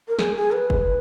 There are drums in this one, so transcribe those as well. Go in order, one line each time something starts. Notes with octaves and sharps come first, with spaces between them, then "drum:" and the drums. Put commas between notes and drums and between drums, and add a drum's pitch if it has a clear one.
A#4
G#4, drum: snare
G#4
B4
drum: kick F#1